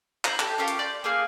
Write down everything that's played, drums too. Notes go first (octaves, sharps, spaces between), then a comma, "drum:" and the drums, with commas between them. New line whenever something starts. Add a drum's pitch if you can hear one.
E4 C5 A#5, drum: clap
G4 A4, drum: clap
C#4 F4 G4 A#4
drum: hi-hat
D5 C6 G6
A#3 G#4 G#5 F6